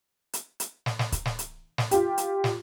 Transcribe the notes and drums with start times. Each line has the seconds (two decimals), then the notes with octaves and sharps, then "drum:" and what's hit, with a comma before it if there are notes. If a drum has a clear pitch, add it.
0.33 drum: hi-hat
0.60 drum: hi-hat
0.86 drum: snare
0.99 drum: snare
1.12 drum: kick C#1, hi-hat
1.25 drum: snare
1.39 drum: hi-hat
1.78 drum: snare
1.91 F4 G4, drum: hi-hat
2.18 drum: hi-hat
2.44 drum: snare